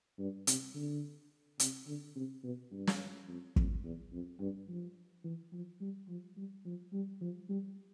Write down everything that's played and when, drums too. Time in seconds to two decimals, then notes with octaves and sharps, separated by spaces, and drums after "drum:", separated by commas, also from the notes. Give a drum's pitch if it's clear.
0.19 G2
0.47 C3, drum: hi-hat
0.75 D3
1.60 C3, drum: hi-hat
1.87 D3
2.16 C3
2.44 B2
2.71 G2
2.87 drum: snare
3.28 F2
3.56 F2, drum: kick
3.84 E2
4.12 F2
4.40 G2
4.68 F3
5.24 E3
5.53 F3
5.81 G3
6.09 F3
6.37 G3
6.65 F3
6.93 G3
7.21 F3
7.49 G3